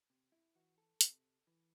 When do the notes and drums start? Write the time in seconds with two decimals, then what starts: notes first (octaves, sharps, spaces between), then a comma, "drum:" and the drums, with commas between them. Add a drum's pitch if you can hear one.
0.10 C3
0.32 E4
0.55 E3 F#4
0.78 A4
1.01 C3, drum: hi-hat
1.47 E3